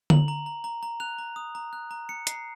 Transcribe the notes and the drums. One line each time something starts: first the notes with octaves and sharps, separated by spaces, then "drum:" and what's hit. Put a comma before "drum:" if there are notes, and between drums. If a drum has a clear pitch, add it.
A#5 F#7, drum: tom D3
A#5
A#5
A#5
A#5
F#6 F7
A#5
D#6
A#5
F#6
A#5
F#6 C#7
A#5 C7, drum: hi-hat